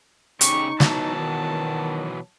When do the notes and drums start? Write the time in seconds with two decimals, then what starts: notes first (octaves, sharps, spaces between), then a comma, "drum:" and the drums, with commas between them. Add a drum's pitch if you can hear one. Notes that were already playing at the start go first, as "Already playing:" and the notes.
0.41 C#3 D#4 G4 C#6, drum: hi-hat
0.80 B2 E3 F#3 A5, drum: snare
1.15 D#3